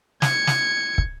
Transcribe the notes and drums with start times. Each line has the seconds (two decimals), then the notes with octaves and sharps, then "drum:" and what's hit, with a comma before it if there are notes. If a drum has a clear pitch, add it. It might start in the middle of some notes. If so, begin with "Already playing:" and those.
0.22 G#6 C#7, drum: snare
0.47 drum: snare
0.98 drum: kick